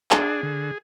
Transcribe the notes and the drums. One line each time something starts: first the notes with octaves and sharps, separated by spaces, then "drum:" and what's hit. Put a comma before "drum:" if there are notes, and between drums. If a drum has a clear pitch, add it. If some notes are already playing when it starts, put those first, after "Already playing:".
D4 G#4, drum: clap
D3